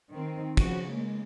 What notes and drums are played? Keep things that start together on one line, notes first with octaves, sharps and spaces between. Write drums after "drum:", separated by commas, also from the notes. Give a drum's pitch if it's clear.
D#3 C4
C#3 F3 F#4, drum: kick, cymbal
G#3 A#3